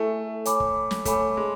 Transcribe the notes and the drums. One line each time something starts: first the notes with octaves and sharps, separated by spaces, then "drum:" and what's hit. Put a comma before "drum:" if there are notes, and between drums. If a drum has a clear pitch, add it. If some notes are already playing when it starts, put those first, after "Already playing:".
Already playing: A3 E4 A4 E5 G#5 C#6
C#5 G#5 B5 D6, drum: hi-hat
drum: kick
drum: snare
A3 C#5 G#5 B5 D6, drum: kick, hi-hat
G#3